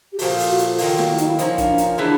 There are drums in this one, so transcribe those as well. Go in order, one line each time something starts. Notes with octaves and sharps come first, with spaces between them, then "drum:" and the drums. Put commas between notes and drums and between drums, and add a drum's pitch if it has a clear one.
G4
A#2 F3 A3 F#4, drum: open hi-hat
drum: open hi-hat
F#4
drum: hi-hat
F#4
D#3 F#3 A#3 F4, drum: open hi-hat
drum: snare
E4
D#4, drum: hi-hat
E4
F3 A#3 C#4 D#4, drum: hi-hat
D4, drum: kick, hi-hat
D#4, drum: hi-hat
E3 G#3 B3 D4 E4